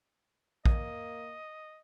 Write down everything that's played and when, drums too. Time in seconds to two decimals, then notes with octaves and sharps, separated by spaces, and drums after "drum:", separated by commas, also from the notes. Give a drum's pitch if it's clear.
0.66 A#3 D#5, drum: kick